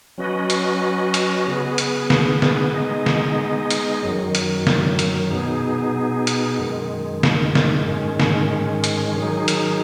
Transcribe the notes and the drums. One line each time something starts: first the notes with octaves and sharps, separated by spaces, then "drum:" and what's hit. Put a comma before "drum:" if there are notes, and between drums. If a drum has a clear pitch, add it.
F#3 C#4 F#4 B4 D#5
drum: hi-hat
drum: hi-hat
C#3 B3 G#4 B4
drum: hi-hat
drum: snare
drum: snare
G#3 B3 D#4 G#4 D#5
drum: snare
drum: hi-hat
F#2 D#3 F#3
drum: hi-hat
drum: snare
drum: hi-hat
B2 B3 D#4 G#4
drum: hi-hat
F#2 D#3 G#3
drum: snare
drum: snare
G#2 D#3 G#3 C#4
drum: snare
drum: hi-hat
D#3 F#3 D#4 G#4
drum: hi-hat